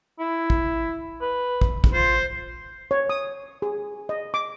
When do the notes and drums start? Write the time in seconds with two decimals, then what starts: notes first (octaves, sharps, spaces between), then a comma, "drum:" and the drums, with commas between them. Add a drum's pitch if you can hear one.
0.19 E4
0.50 drum: kick
1.21 B4
1.61 drum: kick
1.84 drum: kick
1.93 F4 C5
2.91 C#5
3.09 D#6
3.62 G#4
4.09 D#5
4.34 D6